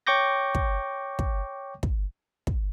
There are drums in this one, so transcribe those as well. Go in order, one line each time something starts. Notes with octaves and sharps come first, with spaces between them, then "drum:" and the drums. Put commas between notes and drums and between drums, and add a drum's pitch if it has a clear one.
C#5 G5 C#6 D6 G6 A#6
drum: kick
drum: kick
drum: kick
drum: kick